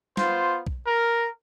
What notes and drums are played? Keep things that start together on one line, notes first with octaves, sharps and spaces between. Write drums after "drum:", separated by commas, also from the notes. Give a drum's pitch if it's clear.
B3 F4 C5, drum: snare
drum: kick B1
A#4